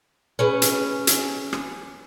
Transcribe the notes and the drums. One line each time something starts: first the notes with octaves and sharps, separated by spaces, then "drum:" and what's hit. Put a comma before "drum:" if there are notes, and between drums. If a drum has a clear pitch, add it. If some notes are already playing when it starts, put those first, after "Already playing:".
C#4 G#4 B4
drum: hi-hat
drum: hi-hat
drum: rim click